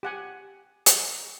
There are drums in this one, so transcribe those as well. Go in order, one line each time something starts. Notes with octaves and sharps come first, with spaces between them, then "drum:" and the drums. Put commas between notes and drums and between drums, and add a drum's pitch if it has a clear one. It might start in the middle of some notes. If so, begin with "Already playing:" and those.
G4 F#5 G#5
drum: hi-hat